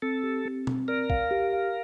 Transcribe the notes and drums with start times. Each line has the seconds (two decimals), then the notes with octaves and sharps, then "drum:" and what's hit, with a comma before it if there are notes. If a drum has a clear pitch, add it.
0.02 C4 A4
0.23 G4
0.45 C4
0.67 C4, drum: tom B2
0.88 A#4 D5
1.10 F5, drum: kick
1.31 G4
1.53 F5